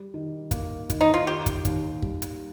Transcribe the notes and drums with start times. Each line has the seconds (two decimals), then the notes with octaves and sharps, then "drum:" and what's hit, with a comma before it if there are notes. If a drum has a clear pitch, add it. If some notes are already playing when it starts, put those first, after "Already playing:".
Already playing: G3
0.14 D#3
0.51 A#3, drum: kick, hi-hat
0.90 D#3, drum: kick, hi-hat
1.01 D#4
1.14 F4
1.27 D#3 G4
1.46 drum: kick, hi-hat
1.65 D#2, drum: kick, hi-hat
2.03 G3, drum: kick
2.22 drum: hi-hat